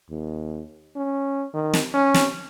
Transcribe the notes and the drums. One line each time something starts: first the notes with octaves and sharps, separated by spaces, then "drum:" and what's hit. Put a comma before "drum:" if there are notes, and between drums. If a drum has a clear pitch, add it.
D#2
C#4
D#3
drum: snare
C#4
drum: snare